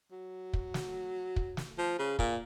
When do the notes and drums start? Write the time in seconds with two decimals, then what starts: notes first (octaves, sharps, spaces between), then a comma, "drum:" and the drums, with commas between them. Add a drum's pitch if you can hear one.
0.12 F#3
0.53 drum: kick
0.74 drum: snare
1.36 drum: kick
1.57 drum: snare
1.78 F3
1.99 C#3
2.19 A#2, drum: kick